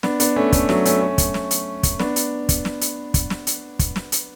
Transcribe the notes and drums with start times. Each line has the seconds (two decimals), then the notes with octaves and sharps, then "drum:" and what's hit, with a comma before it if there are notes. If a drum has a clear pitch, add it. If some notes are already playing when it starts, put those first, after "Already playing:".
0.03 B3 D4, drum: snare
0.20 B3 D4, drum: hi-hat
0.36 A3 C#4
0.52 A3 C#4, drum: kick, hi-hat
0.69 F#3 A3, drum: snare
0.85 A3 C#4, drum: hi-hat
1.01 A3 C#4
1.18 drum: kick, hi-hat
1.34 drum: snare
1.51 drum: hi-hat
1.83 drum: kick, hi-hat
1.99 B3 D4, drum: snare
2.16 drum: hi-hat
2.49 drum: kick, hi-hat
2.65 drum: snare
2.81 drum: hi-hat
3.14 drum: kick, hi-hat
3.30 drum: snare
3.47 drum: hi-hat
3.79 drum: kick, hi-hat
3.96 drum: snare
4.12 drum: hi-hat